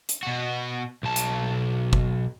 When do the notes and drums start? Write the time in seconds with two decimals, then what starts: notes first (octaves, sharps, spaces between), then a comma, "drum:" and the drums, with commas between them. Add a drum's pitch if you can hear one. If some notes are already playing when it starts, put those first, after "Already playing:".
0.09 drum: hi-hat
0.23 B2 F#4
1.03 B1 A5
1.16 drum: hi-hat
1.93 drum: kick